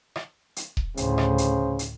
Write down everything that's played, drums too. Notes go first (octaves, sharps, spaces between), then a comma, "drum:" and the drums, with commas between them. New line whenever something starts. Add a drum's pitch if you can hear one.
drum: rim click
drum: hi-hat
drum: kick D#1
D2 A2 C#3 C5, drum: hi-hat
drum: rim click
drum: hi-hat
drum: hi-hat